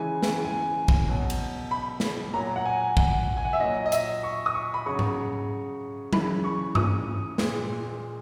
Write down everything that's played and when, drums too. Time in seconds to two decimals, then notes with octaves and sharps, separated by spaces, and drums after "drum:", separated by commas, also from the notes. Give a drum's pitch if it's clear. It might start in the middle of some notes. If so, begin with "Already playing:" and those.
Already playing: C#3 E3 G#3 G#5
0.23 drum: snare
0.44 G#5
0.88 drum: kick
1.08 B2 F#3
1.30 drum: cymbal
1.71 B5
2.00 drum: snare
2.33 A#2 F#3 A#5
2.56 F#5
2.65 G#5
2.97 F#5, drum: kick
3.37 G#5
3.45 F#5
3.53 E5
3.60 A#2 F#3 D#5
3.86 D#5
3.92 E5, drum: hi-hat
4.23 C#6
4.46 D#6
4.54 C#6
4.74 B5
4.86 C#3 F#3 C#6
4.99 drum: tom G#2
6.13 C#3 E3 G#3 B5, drum: tom F#3
6.44 C#6
6.75 D#6, drum: tom G2
7.38 A#2 G#3, drum: snare